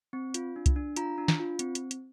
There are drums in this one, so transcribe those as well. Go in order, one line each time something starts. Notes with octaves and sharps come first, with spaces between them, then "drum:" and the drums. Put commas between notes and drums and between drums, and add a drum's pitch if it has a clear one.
C4
F4, drum: hi-hat
D4
drum: kick C2, hi-hat
D4
F4 A#5, drum: hi-hat
D4
drum: snare
F4
C4, drum: hi-hat
drum: hi-hat
drum: hi-hat